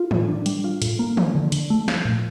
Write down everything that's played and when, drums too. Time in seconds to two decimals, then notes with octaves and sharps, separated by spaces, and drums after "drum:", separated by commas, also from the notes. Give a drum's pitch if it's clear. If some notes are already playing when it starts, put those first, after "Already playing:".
Already playing: F4
0.11 A2, drum: tom
0.28 D4
0.46 G3, drum: hi-hat
0.64 F4
0.82 A2, drum: hi-hat
0.99 A#3
1.17 F3, drum: tom
1.35 D3
1.52 D3, drum: hi-hat
1.70 A3
1.88 F3, drum: snare
2.05 A#2